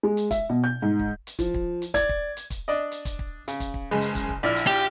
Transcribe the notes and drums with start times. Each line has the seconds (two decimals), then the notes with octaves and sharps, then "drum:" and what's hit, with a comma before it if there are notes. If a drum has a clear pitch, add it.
0.03 G#3
0.17 drum: hi-hat
0.31 E5, drum: kick, hi-hat
0.49 B2
0.64 G6
0.82 G#2
0.99 drum: kick
1.27 drum: hi-hat
1.39 F3, drum: kick, hi-hat
1.54 drum: kick
1.82 drum: hi-hat
1.94 D5 G#6, drum: kick, hi-hat
2.09 drum: kick
2.37 drum: hi-hat
2.50 drum: kick, hi-hat
2.68 D4 D5 D#5
2.92 drum: hi-hat
3.05 drum: kick, hi-hat
3.19 drum: kick
3.48 C#3, drum: hi-hat
3.60 drum: kick, hi-hat
3.74 drum: kick
3.91 F#1 G#3 B4
4.01 drum: hi-hat
4.15 drum: kick, hi-hat
4.29 drum: kick
4.43 A#1 D4 E4 D5 F6
4.56 drum: hi-hat
4.67 G4